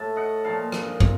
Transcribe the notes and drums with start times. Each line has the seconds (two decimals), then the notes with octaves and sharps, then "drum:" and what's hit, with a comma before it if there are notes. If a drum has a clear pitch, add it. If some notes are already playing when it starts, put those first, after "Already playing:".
Already playing: A2 A3 A5
0.16 D#5 F#5
0.44 A#2 F3 A#3 F5 A5
0.72 drum: rim click
1.00 C3, drum: kick